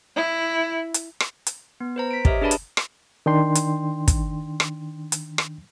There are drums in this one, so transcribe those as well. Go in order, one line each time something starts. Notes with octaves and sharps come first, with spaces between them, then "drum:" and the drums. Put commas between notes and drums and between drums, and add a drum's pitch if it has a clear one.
E4
drum: hi-hat
drum: rim click
drum: hi-hat
B3
B4 C5 A#5
B6 D7
G4 A#4 C#5 D#5 E5, drum: kick
D4 G#4 B4 D5 A5 B5
drum: hi-hat
drum: rim click
D#3 D4 G5 C6
drum: hi-hat
drum: kick, hi-hat
drum: rim click
drum: hi-hat
drum: rim click